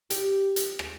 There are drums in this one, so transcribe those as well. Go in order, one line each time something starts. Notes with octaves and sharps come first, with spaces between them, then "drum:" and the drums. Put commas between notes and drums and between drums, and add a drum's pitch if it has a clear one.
G4, drum: hi-hat
drum: hi-hat
drum: rim click